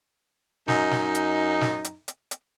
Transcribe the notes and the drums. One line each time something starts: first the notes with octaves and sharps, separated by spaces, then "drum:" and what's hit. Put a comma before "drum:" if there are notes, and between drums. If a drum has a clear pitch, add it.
F#2 D#4, drum: snare
drum: snare
drum: hi-hat
drum: snare
drum: hi-hat
drum: hi-hat
drum: hi-hat